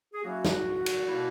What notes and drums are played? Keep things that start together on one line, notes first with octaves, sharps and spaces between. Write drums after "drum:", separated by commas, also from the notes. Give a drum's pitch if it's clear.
G#4
F#3 A#3 C#4 E4 F#4
drum: snare
drum: cymbal
B2 A#3 E4